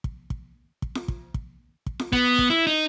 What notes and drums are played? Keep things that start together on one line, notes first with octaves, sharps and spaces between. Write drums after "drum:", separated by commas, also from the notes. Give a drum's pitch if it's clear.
drum: kick
drum: kick
drum: kick
drum: snare F4
drum: kick
drum: kick
drum: kick
drum: snare F4
B3, drum: kick
drum: kick
E4
D#4